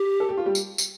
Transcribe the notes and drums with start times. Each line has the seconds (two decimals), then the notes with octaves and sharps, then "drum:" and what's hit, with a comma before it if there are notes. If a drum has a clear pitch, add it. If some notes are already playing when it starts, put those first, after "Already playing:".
Already playing: G4
0.20 A4
0.29 G4
0.37 F4
0.46 G3 G4
0.55 drum: tambourine
0.78 drum: tambourine